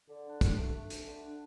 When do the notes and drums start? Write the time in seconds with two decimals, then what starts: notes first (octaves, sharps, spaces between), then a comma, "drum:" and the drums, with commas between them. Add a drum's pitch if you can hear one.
0.09 D3
0.25 D4
0.41 D4, drum: kick, hi-hat
0.58 A3
0.74 A3
0.90 D4, drum: hi-hat
1.07 D3
1.23 D4